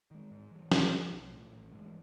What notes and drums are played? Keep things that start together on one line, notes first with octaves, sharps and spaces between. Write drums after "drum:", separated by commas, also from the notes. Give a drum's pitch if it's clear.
D#3 G#3
G#2
E3 G3
E2, drum: snare
C3 E3
B1
A2 F3
A1
G2 E3 G#3